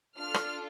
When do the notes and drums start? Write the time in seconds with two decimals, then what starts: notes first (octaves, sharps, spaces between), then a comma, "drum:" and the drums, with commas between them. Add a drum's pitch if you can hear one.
0.17 D4 F4 A4 F6
0.34 drum: rim click